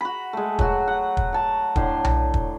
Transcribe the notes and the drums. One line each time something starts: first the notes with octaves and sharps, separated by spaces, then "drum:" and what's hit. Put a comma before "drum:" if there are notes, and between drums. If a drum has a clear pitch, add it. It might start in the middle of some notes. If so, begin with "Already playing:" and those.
F#4 A#5 B5
G#3 A3
F#3 F#4, drum: kick
F#5
drum: kick
F#5 A5
A2 D3 C6, drum: kick
drum: tom B1
drum: kick